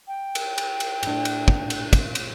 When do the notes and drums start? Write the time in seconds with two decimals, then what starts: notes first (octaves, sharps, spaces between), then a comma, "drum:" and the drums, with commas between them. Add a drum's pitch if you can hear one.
0.08 G5
0.35 drum: cymbal
0.58 drum: cymbal
0.80 drum: cymbal
1.03 A2 D4, drum: cymbal
1.25 drum: cymbal
1.48 drum: kick
1.70 drum: cymbal
1.93 drum: kick, cymbal
2.15 drum: cymbal